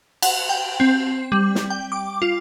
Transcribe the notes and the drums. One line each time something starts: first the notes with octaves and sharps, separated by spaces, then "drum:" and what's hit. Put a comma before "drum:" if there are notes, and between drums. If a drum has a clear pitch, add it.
F#5, drum: cymbal
G5
C4
G3
drum: snare
G5
D6
F4